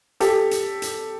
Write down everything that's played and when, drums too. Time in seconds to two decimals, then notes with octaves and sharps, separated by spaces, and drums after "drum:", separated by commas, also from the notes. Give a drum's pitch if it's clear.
0.20 G4 A4, drum: hi-hat
0.51 drum: hi-hat
0.82 drum: hi-hat